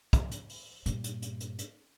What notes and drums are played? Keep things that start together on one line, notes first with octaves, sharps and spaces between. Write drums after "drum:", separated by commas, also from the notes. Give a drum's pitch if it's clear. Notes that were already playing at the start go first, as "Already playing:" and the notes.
drum: kick, hi-hat
drum: hi-hat
drum: open hi-hat
G2 A#2, drum: hi-hat
drum: hi-hat
drum: hi-hat
drum: hi-hat
drum: hi-hat